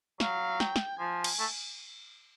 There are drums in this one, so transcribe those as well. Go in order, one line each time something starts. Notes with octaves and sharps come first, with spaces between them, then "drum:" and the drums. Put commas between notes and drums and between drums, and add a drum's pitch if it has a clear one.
F#3 F5, drum: snare
G5, drum: snare
drum: snare
F3 G#5
drum: cymbal
A3